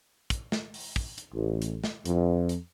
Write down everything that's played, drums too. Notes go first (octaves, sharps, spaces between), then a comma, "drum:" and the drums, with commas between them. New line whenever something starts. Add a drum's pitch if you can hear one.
drum: kick, hi-hat
drum: snare
drum: open hi-hat
drum: kick
drum: hi-hat
A1
drum: hi-hat
drum: snare
F2, drum: hi-hat
drum: hi-hat